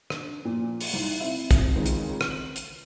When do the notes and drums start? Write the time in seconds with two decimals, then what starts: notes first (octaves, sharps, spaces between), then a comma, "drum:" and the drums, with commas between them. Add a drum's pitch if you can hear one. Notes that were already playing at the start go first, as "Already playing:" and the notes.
0.10 D4, drum: rim click
0.45 A#2 F3
0.81 drum: open hi-hat
0.93 C2 D#4
1.20 C4 E4
1.51 drum: kick, hi-hat
1.75 C#2 D#3 G#4
1.86 drum: hi-hat
2.21 drum: rim click
2.30 F#7
2.56 drum: hi-hat